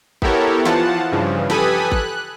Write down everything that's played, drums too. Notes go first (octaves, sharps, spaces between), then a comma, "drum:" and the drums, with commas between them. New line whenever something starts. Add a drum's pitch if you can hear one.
B3 E4 G4 A4 A#4 C#5, drum: kick G#1
E3 F3 F4 F#5 A5, drum: snare
G2 C#3 E3 F3
G4 A4 B4 G#5 B5 D#6, drum: snare
F#6, drum: kick G#1